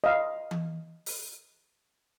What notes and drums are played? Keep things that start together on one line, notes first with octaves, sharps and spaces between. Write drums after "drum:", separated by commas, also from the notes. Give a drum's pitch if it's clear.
D#5 F5
drum: tom E3
drum: open hi-hat